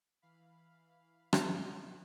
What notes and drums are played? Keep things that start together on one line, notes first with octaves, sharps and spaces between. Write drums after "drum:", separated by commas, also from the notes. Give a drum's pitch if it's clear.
E3 F5 B5
drum: rim click